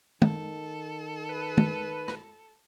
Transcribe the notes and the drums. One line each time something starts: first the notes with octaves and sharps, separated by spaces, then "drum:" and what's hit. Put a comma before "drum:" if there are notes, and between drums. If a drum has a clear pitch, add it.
D#3 A4, drum: tom
B4
drum: tom
drum: rim click